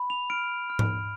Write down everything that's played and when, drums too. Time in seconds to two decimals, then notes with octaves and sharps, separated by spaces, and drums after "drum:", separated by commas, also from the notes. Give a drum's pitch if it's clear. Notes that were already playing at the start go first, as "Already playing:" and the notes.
Already playing: B5
0.10 F7
0.30 F6 D7
0.70 F6
0.79 drum: tom G#2